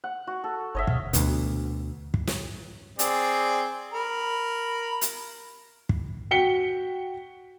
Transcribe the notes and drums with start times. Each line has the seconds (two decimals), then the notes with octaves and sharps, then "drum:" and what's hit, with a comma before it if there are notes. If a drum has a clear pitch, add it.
0.04 F#5
0.27 F#4
0.44 A4
0.75 G1 C#5 D#5 E5
0.87 B2 F5, drum: kick
1.13 D2 B2, drum: hi-hat
2.14 drum: kick
2.27 drum: snare
2.99 C4 G#4 D5, drum: hi-hat
3.93 A#4 B5
5.01 drum: hi-hat
5.89 drum: kick
6.31 F#4 G5 B6 C#7 G7